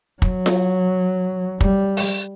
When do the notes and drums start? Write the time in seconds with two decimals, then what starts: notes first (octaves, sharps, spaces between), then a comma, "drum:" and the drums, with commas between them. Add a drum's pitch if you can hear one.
0.22 F#3, drum: kick
0.46 drum: snare F4
1.61 G3, drum: kick
1.97 drum: open hi-hat